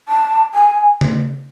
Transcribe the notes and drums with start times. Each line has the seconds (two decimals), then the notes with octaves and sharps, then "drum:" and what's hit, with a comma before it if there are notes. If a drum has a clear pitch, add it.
0.08 A5
0.54 G#5
1.01 drum: tom C#3